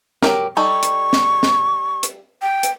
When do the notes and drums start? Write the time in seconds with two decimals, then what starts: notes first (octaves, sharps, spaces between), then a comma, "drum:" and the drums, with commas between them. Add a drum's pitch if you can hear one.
0.23 F#3 G4 A#4, drum: snare
0.57 G3 D#4 A4 C#6
0.83 drum: hi-hat
1.13 drum: snare
1.43 drum: snare
2.03 drum: hi-hat
2.42 G5
2.63 drum: hi-hat